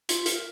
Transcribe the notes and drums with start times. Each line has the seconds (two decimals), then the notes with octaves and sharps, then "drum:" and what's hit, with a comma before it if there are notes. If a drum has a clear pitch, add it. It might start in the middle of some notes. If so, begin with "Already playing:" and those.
0.09 F4, drum: hi-hat
0.26 A#4, drum: hi-hat